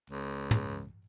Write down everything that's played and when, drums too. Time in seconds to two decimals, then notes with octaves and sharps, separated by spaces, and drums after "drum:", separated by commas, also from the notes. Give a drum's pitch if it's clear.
0.10 C#2
0.51 drum: tom